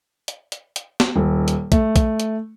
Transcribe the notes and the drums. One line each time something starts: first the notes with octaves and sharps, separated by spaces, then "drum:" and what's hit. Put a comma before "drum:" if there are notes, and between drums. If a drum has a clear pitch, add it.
drum: hi-hat
drum: hi-hat
drum: hi-hat
drum: snare
D#1
drum: hi-hat
A3, drum: kick, hi-hat
drum: kick, hi-hat
drum: hi-hat